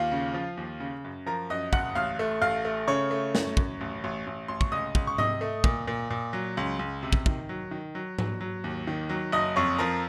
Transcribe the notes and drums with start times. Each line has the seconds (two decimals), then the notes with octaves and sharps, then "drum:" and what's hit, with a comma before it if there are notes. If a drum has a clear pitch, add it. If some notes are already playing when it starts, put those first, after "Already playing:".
Already playing: D#2 F4 F5
0.12 C#3
0.34 F3
0.57 D#2
0.80 C#3
1.05 F#2
1.26 F3 A#4 A#5
1.50 F#2 D#5 D#6
1.73 F#1 F#5 F#6, drum: kick
1.95 A1 F5 F6
2.19 A3
2.42 A1 F5 F6
2.65 A3
2.88 C#3 C#5 C#6
3.11 A3
3.35 F#2, drum: snare
3.57 F#2, drum: kick
3.81 A1
4.04 A1
4.27 A1
4.48 A1 C6
4.61 C#6, drum: kick
4.72 C#2 D#5 D#6
4.95 C#2, drum: kick
5.07 C#6
5.18 C3 D#5 D#6, drum: tom G#2
5.41 A3
5.64 A#2, drum: kick
5.87 A#2
6.10 A#2
6.33 F#3
6.57 C#2
6.79 C#2
7.03 C3
7.13 drum: kick
7.26 D#3, drum: kick
7.49 F#3
7.71 D#3
7.95 F#3
8.19 F#3, drum: tom G#2
8.41 F#3
8.64 D#2
8.87 D#3
9.09 F#3
9.32 F#1 D#5 D#6
9.56 F2 C#5 C#6
9.79 F3 A#4 A#5